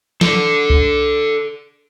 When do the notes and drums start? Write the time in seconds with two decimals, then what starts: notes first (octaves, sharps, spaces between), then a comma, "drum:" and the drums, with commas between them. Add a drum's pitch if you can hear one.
0.21 A4 D5, drum: snare
0.70 drum: kick C2